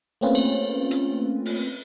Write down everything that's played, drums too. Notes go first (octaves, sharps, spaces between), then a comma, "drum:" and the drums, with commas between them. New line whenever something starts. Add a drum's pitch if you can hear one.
A3 A#3 C4 C#4 F4 B4
drum: cymbal
drum: hi-hat
drum: open hi-hat